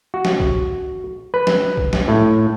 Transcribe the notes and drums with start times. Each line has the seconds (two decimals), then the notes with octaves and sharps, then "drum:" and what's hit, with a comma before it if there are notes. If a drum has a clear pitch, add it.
0.14 F#4
0.25 drum: snare
0.40 drum: kick
1.34 B4
1.47 drum: snare
1.77 drum: kick
1.93 drum: snare
2.08 A2